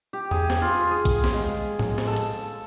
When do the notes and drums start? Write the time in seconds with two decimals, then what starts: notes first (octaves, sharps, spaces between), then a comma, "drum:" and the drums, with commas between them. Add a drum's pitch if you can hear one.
0.13 G4
0.31 G#4, drum: tom E2
0.50 drum: snare
0.62 F4
0.91 G#4
1.05 drum: kick A#1, hi-hat
1.24 drum: snare
1.34 G#3
1.79 drum: tom A2
1.98 drum: snare
2.07 A4
2.16 drum: hi-hat